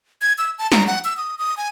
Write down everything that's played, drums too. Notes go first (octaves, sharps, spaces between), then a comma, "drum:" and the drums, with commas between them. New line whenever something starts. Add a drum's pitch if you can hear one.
G#6
E6
A5
A#5, drum: snare
F#5
E6
D#6
D#6
G#5